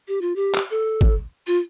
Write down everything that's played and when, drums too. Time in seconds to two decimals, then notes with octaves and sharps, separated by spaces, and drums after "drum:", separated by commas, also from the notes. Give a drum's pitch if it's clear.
0.08 G4
0.21 F4
0.36 G4
0.54 drum: clap
0.71 A4
1.01 drum: kick
1.47 F4